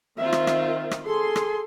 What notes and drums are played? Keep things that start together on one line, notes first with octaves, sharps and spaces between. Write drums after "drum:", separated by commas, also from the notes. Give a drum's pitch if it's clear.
D#3 C4 F4 E5
drum: rim click
drum: rim click
drum: rim click
G#4 A4 C6
drum: rim click